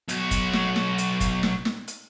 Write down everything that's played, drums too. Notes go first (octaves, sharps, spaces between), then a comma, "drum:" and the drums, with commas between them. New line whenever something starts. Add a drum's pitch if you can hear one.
B1 F#4, drum: hi-hat
drum: kick, hi-hat
drum: snare
drum: snare
drum: hi-hat
drum: kick, hi-hat
drum: snare
drum: snare
drum: hi-hat